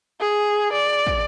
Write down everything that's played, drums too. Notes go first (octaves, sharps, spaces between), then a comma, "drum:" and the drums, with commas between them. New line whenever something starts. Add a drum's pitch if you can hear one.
G#4
D5
drum: kick